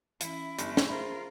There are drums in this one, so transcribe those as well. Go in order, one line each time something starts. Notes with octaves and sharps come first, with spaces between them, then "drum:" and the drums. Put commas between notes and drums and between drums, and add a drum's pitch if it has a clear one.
E3 C#4 E4, drum: hi-hat
G1, drum: hi-hat
drum: snare
F4 G#4 A#4 C5 E5 B5